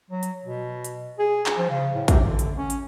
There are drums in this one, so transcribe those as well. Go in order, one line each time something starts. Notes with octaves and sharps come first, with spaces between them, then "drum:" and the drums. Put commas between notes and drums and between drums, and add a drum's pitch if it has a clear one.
F#3
drum: hi-hat
B2
drum: hi-hat
G#4
drum: clap
F3
C#3
A2
C3, drum: kick, hi-hat
D3
drum: hi-hat
C#4
drum: hi-hat